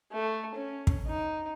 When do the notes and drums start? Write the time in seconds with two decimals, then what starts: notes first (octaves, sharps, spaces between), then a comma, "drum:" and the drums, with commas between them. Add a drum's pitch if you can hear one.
0.12 A3
0.55 C#4
0.87 drum: kick
1.07 D#4